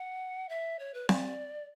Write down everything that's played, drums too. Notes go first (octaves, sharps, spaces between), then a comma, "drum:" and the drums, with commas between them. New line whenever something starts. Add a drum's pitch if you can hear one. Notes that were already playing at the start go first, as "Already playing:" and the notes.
Already playing: F#5
E5
C#5
B4
D5, drum: snare C4